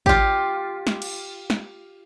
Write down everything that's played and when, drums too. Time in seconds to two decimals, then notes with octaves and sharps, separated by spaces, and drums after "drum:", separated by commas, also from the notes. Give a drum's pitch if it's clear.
0.06 F4 G4, drum: kick
0.87 drum: snare
1.02 drum: cymbal
1.50 drum: snare